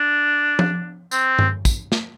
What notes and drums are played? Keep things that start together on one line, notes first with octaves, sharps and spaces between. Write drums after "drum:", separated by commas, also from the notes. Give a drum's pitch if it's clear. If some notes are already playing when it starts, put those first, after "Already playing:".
Already playing: D4
drum: tom F3
C4, drum: tambourine
drum: tom G2
drum: kick, tambourine
drum: snare